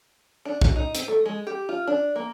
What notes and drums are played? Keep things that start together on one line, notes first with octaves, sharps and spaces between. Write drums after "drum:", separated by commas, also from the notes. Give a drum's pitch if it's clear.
D4
F#4, drum: kick
D#4
C4, drum: hi-hat
A3
G#3
G4
F4
D4
A#3